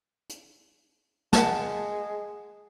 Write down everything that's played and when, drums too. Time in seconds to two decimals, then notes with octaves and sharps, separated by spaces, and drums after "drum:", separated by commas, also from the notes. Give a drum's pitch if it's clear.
0.29 drum: hi-hat
1.33 G#3 F#5 A5, drum: snare